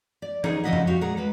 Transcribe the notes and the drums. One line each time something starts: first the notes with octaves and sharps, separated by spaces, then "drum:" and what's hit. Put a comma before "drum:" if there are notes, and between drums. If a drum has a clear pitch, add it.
D5
D#4 G#4, drum: tom E3
C#3 F3 A#3 D#5 E5 F#5
drum: tom F2
F#4 G4 F5
A#2 G#3 G#4 F#5 A#5
G#3 B4